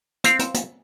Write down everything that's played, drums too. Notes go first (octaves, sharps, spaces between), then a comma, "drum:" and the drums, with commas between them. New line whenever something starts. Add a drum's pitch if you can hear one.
C4 F5, drum: hi-hat
drum: hi-hat
drum: hi-hat